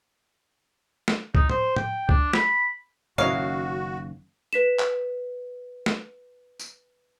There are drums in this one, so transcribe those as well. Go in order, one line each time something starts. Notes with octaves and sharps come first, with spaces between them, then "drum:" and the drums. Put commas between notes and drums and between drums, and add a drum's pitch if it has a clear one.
drum: snare
D#4, drum: kick C#2
C5, drum: tom A2
G5, drum: tom A2
D4, drum: kick C#2
B5, drum: snare
F#1 D#3 C#4 D#4 E4 F#4 C#5 F5, drum: tom A2
B4 B6 E7
drum: clap
drum: snare
drum: tambourine